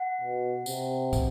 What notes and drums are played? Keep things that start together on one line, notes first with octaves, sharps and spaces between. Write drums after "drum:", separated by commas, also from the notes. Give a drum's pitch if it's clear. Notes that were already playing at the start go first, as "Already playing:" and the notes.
Already playing: F#5
B2
C3, drum: tambourine
drum: kick, tambourine